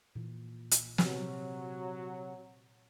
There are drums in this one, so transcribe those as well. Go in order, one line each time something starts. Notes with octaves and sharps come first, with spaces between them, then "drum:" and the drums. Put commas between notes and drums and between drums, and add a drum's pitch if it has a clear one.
A#2 E3
drum: hi-hat
C3 F#3, drum: snare